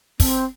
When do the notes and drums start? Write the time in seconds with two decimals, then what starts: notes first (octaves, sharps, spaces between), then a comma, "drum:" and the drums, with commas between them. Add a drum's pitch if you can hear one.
0.20 C4, drum: kick, open hi-hat